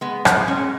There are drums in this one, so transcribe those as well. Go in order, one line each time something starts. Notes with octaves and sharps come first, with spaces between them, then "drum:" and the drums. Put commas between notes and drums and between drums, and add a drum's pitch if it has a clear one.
G#3 B3
G#3, drum: rim click
G#3 C#4